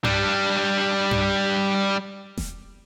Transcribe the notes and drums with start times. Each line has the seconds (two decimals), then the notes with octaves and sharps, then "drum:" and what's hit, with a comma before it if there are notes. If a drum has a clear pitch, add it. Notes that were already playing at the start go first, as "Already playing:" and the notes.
0.04 G3 D4, drum: tom G2
1.11 drum: tom G2
2.37 drum: snare E1